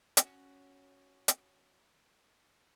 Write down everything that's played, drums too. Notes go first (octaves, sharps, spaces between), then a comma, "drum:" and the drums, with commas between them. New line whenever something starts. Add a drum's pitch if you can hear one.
C#4 F#4, drum: hi-hat
drum: hi-hat